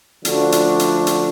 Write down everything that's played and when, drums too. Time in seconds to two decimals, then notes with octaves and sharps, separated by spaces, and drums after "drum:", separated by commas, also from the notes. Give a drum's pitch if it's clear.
0.25 D3 F3 A3 D4 F#4, drum: hi-hat
0.52 drum: hi-hat
0.79 drum: hi-hat
1.07 drum: hi-hat